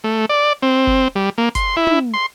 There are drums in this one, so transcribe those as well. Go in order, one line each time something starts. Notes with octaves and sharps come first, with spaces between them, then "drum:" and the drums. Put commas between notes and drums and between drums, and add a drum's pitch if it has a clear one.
A3
D5
C4
drum: kick
G3
A#3
C6, drum: kick, hi-hat
E4
drum: tom
C6